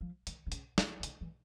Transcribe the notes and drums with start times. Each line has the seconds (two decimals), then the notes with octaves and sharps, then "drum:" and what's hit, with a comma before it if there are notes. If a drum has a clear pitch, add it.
0.01 F3
0.27 D#3, drum: hi-hat
0.46 D3
0.52 C#3, drum: hi-hat
0.78 C#3, drum: snare
1.00 C#3
1.03 D3, drum: hi-hat
1.21 E3